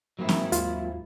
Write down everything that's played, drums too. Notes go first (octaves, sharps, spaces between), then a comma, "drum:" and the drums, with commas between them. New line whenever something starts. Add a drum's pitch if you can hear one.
G#2 D#3 F#3 A#3 C4 E4
drum: snare C4
D#2 F4, drum: hi-hat